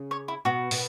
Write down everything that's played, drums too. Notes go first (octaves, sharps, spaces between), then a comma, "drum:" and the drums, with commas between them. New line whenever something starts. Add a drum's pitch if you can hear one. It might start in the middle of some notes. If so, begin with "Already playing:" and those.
Already playing: C#3 C#4
C#5
E4
B2 B3 F#4
B2 B3, drum: open hi-hat